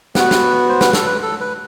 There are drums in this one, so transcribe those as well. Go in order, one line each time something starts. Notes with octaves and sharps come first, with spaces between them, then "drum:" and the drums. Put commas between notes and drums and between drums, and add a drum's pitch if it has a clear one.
B3 F#4 B4, drum: snare
drum: snare
C5
B4, drum: snare
A4, drum: snare
B4
A4
B4